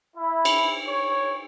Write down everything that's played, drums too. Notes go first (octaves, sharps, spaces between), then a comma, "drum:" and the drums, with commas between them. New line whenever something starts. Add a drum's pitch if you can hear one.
E4
drum: cymbal
C#5